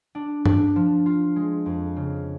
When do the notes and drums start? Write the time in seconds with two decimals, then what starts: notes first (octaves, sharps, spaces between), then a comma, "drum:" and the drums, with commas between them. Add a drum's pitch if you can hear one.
0.15 D4
0.46 D4, drum: tom G2
0.76 F3
1.06 F4
1.36 G#3
1.66 F2
1.96 C#3